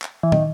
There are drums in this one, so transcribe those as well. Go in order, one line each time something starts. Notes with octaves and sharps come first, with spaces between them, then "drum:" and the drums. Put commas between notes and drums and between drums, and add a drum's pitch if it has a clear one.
drum: clap
E3
D#3, drum: tom